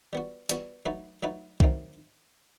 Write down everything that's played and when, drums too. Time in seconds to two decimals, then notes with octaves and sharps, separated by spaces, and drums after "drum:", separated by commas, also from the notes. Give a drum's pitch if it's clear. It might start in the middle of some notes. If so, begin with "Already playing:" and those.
0.13 G3 B3 F#4
0.49 G3 B3 F#4, drum: hi-hat
0.86 F#3 A3 D#4 F#4 B4
1.23 F#3 A3 D#4 F#4 B4
1.60 D#3 F#3 A3 C4 D#4, drum: kick C2